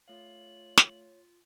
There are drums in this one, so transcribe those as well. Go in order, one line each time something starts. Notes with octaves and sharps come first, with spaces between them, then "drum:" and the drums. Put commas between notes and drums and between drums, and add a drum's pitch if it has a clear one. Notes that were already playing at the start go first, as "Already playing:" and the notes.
A3 F4 C#5 F5 F#7
drum: snare